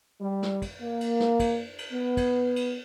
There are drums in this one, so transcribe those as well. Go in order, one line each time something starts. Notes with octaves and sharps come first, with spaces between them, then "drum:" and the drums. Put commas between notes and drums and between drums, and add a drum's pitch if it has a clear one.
G3
drum: snare
drum: kick, cymbal
A#3
drum: cymbal
drum: snare
drum: kick, cymbal
drum: cymbal
B3
drum: kick, cymbal
drum: cymbal